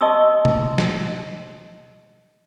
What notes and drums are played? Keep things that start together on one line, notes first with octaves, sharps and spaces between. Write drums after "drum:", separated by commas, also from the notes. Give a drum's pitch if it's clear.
D#5 A5 C6 C#6 D#6 E6
drum: tom B2
drum: snare